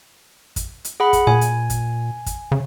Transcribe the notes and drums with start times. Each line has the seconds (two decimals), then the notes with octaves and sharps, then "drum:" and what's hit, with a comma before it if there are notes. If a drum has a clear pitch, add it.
0.56 drum: kick, hi-hat
0.85 drum: hi-hat
1.00 G#4 F#5 B5
1.13 drum: kick, hi-hat
1.27 A#2 G#5
1.41 drum: hi-hat
1.70 drum: kick, hi-hat
2.26 drum: kick, hi-hat
2.52 C#3